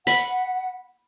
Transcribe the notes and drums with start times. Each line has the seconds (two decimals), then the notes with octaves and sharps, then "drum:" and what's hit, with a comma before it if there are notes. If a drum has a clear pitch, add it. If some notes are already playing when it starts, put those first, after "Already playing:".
0.07 F#5 B5, drum: open hi-hat